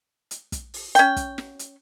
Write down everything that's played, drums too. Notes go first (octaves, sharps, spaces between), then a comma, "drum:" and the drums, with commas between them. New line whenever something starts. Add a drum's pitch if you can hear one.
drum: hi-hat
drum: kick, hi-hat
drum: open hi-hat
C#4 G5, drum: hi-hat
drum: kick, hi-hat
drum: snare
drum: hi-hat